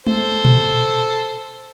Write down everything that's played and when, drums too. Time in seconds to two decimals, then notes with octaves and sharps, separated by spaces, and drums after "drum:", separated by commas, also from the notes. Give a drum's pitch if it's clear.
0.07 A4 C5, drum: tom G#3
0.45 drum: tom A#2